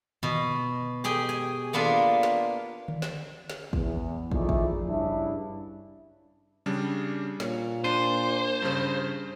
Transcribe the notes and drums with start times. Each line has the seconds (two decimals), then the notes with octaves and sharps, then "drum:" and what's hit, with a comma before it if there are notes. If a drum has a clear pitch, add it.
0.23 B2, drum: tom D3
1.04 G4 G#4 G5 G#5
1.29 G#5
1.73 A#3 B3 D4 F4
2.23 drum: snare
2.88 drum: tom D3
3.02 drum: snare
3.50 drum: snare
3.73 E2, drum: kick
4.31 F3 A3 D#4 E4 G#4 D5, drum: kick
4.49 drum: kick
4.87 G2 C#3 D4 E4
6.66 C#3 G3 D4
7.40 A#2 C#5, drum: snare
7.84 D4 C5 C7 D#7
8.62 G2 C#3